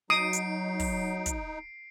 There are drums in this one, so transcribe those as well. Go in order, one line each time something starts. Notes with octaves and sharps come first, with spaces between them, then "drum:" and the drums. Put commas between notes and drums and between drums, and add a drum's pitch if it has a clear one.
F#3 D#4 D#6 C7 D7
drum: hi-hat
drum: kick, open hi-hat
drum: kick, hi-hat